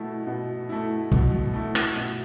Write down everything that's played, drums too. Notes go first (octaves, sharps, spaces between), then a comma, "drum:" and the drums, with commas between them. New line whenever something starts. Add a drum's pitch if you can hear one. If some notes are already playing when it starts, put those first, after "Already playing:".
Already playing: B2 A3 E4
B2
A3 E4
B2, drum: kick
A3 E4
drum: rim click
B2